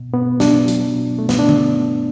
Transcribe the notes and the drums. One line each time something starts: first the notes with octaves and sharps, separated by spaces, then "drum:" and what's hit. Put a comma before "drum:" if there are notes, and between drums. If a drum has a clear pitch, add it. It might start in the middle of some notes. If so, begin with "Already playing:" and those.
Already playing: B2
B2 B3
F#3 D4, drum: snare
F#3, drum: hi-hat
B2
B2 A3
B3, drum: snare
D4
drum: tom D3